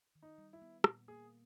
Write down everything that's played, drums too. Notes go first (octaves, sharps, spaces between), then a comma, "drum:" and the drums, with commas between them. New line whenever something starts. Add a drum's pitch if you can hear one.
D#3
D#4
G3
E4
B3
A#2, drum: rim click
A#3 G#4